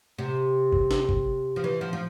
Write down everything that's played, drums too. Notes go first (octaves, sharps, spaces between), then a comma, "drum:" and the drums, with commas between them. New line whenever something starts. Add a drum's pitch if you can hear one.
C3
drum: kick G1
drum: snare
drum: kick G1
F3
E3
F3
F3